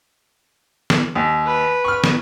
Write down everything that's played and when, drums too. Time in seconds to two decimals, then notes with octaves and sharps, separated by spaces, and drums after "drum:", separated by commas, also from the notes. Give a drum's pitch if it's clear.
0.90 drum: snare
1.16 D#2
1.47 B4
1.84 C#6 F6
2.04 drum: snare